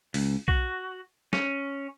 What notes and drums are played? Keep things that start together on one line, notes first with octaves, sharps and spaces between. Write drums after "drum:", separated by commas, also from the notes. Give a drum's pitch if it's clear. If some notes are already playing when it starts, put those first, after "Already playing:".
C#2, drum: open hi-hat
F#4, drum: kick B1
C#4, drum: snare